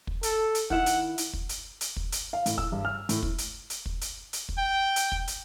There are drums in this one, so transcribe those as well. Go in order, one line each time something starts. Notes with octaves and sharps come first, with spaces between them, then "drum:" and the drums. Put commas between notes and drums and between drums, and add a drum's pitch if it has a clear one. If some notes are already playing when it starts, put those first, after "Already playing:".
drum: kick
A4, drum: hi-hat
drum: hi-hat
D#3 E4 F#5, drum: kick
drum: hi-hat
drum: hi-hat
drum: kick
drum: hi-hat
drum: hi-hat
drum: kick
drum: hi-hat
F5
A2, drum: hi-hat
E6, drum: kick
G2
F6
A2, drum: hi-hat
drum: kick
drum: hi-hat
drum: hi-hat
drum: kick
drum: hi-hat
drum: hi-hat
drum: kick
G5
drum: hi-hat
drum: kick
drum: hi-hat